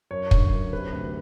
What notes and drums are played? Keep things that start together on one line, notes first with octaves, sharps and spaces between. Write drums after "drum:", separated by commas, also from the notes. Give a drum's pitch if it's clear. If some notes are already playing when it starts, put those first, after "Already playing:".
F#2 C#5
D3, drum: kick
F#2
C3 B4
D2